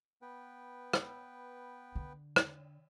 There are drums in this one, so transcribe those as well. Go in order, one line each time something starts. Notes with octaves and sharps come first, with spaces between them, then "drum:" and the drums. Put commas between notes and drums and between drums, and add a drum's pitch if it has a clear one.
B3 B4 G5
drum: rim click
D3
drum: rim click